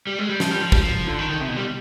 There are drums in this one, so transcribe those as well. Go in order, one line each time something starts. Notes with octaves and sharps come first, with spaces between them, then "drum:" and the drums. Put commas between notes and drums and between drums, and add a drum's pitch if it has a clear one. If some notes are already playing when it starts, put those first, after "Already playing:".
G3
G#3
G3
F3, drum: snare
G3
F3
G3, drum: kick
F3
D3
D#3
D#3
C3
B2
G3